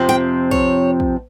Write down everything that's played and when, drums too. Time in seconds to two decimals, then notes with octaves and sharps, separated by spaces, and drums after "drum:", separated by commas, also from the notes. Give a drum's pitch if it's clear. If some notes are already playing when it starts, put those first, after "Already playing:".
Already playing: F2 C3 F3 C4
0.09 G5
0.51 C#5, drum: kick
1.00 drum: kick